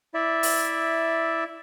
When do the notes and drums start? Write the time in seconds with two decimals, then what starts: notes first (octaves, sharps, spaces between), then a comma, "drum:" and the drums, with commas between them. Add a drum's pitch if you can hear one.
0.14 E4 D5 E5
0.43 drum: open hi-hat